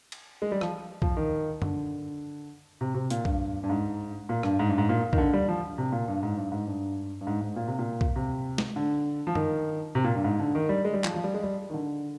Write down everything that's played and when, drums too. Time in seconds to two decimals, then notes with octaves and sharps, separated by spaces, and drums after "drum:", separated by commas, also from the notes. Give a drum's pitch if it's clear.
0.12 drum: cymbal
0.42 G#3
0.52 G3
0.61 F3, drum: rim click
1.02 F3, drum: kick
1.17 D#3
1.62 D3, drum: tom
2.81 C3
2.94 C3
3.10 A#2, drum: hi-hat
3.25 G2, drum: kick
3.63 G2
3.70 G#2
4.29 A#2
4.43 G2, drum: rim click
4.59 G#2
4.69 G2
4.78 G#2
4.89 A#2
5.13 D#3, drum: kick
5.18 D3
5.33 G3
5.48 F3
5.78 C3
5.92 A#2
6.08 G2
6.23 G#2
6.37 G2
6.52 G#2
6.67 G2
7.21 G2
7.27 G#2
7.41 G#2
7.56 A#2
7.68 C3
7.79 A#2
8.01 drum: kick
8.16 C3
8.58 drum: snare
8.76 D3
9.27 F3
9.35 D#3, drum: tom
9.95 C3
10.04 A#2
10.15 G2
10.24 G#2
10.39 D3
10.55 D#3
10.69 G3
10.85 G#3
10.94 G3
11.04 F3, drum: clap
11.14 F3
11.24 G3
11.34 G#3
11.43 G3
11.70 D#3
11.74 D3